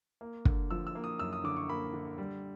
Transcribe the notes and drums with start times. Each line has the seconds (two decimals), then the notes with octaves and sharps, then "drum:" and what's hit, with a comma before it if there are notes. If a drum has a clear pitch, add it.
0.21 A#3
0.45 D3, drum: kick
0.71 F3 E6
0.87 E6
0.95 A#3
1.04 D#6
1.19 F#2 E6
1.33 D#6
1.44 D3 D6
1.57 C#6
1.69 A#3 B5
1.93 D3
2.18 G3